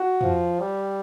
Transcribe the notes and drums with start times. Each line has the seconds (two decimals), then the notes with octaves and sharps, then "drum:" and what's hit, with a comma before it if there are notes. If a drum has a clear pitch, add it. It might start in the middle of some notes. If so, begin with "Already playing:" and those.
Already playing: F#4
0.21 F3, drum: tom
0.60 G3